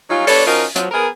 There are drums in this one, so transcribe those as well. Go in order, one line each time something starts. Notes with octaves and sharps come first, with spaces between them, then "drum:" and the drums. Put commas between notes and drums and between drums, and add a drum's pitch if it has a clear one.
F#3 G3 C#4 D#4 F4
G3 B3 D4 A4 C#5, drum: open hi-hat
F3 C#4 D#4 F4 F#4 A#4
F3 F#3, drum: hi-hat
F3 B3 G#4 A#4